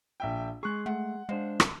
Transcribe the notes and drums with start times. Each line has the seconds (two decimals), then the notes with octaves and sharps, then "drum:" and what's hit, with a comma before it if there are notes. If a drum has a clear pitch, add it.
0.20 A#1 E5 G5
0.63 G#3 G#4 C#6 F#6
0.86 A3 F#5
1.29 G#3 D4 C5 F5
1.60 drum: rim click